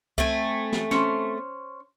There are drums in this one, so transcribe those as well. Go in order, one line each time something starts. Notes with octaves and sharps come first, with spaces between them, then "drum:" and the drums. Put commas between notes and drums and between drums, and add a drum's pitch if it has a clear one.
A3 C4 G#5, drum: kick C#2
drum: snare
C#4 C5, drum: snare